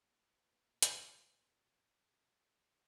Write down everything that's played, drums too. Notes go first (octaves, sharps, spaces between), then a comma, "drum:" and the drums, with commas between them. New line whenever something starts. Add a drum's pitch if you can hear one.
A#2 B3
drum: hi-hat